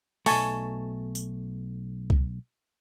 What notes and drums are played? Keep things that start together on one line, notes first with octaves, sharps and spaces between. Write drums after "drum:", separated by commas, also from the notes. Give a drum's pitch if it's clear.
B1 A3 G#5 A5 C#6, drum: open hi-hat
drum: tambourine
drum: kick C2